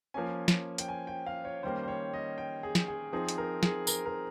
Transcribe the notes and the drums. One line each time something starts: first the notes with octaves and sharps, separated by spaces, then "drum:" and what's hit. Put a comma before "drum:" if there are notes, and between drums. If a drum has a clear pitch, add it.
F3 A#3 C#4 G#5
drum: snare
G5, drum: hi-hat
G#5
G5
F5
C#5
D#3 G3 A#3 C#4 C5
C5
C#5
D#5
G5
G#4
drum: snare
G#4
F3 C4 D#4 G#4
drum: hi-hat
A#4
G#4, drum: snare
A#4, drum: tambourine
A#4